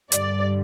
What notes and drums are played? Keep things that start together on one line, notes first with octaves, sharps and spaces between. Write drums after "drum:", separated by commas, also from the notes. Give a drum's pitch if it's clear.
G2 D3 G3 D5, drum: hi-hat